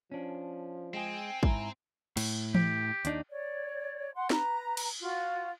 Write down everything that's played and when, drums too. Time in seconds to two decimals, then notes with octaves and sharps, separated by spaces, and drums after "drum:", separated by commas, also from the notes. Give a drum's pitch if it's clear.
0.12 F3 C#4 D4
0.94 G#3 C4 G#4 G5 G#5
1.43 G#2 E4 G#5 A#5, drum: kick
2.17 A2, drum: cymbal
2.55 G4, drum: tom E3
3.05 D#2 D4 D#4, drum: hi-hat
3.30 C#5 D5
4.16 F#5 C6
4.30 B4 A#5, drum: snare
4.77 drum: cymbal
5.01 F4 F#4